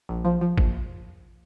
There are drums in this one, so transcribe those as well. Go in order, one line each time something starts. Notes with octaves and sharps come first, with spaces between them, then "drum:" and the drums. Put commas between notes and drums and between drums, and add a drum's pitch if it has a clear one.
A#1
F3
F3
A#1, drum: kick